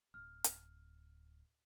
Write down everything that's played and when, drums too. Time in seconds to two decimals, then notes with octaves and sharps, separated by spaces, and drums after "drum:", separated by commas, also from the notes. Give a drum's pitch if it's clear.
0.14 D1 F6
0.44 drum: hi-hat